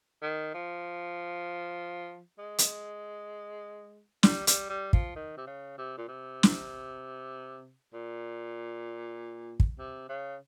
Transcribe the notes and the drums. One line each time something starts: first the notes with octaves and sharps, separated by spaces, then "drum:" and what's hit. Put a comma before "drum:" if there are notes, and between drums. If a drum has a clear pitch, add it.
D#3
F3
G#3
drum: hi-hat
G3, drum: snare
G3, drum: hi-hat
G3
F3, drum: kick
D#3
C3
C#3
C3
A#2
C3
drum: snare
A#2
drum: kick
C3
C#3